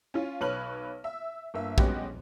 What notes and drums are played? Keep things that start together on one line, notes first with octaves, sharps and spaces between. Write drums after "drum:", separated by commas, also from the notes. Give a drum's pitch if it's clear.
C#4 F4
B1 B4 C#5 F6 F#7
E5
G1 A#3 E5
G3 G#3 B3 C#4 F#4 G4, drum: kick A#1